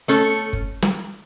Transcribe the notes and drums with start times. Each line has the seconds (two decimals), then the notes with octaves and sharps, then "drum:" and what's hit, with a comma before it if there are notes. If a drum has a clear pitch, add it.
0.08 A3 C#4 A4
0.53 drum: kick F#1
0.82 drum: snare